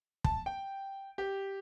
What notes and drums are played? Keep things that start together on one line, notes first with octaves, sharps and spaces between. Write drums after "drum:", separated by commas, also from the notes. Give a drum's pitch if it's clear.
A5, drum: kick
G5
G4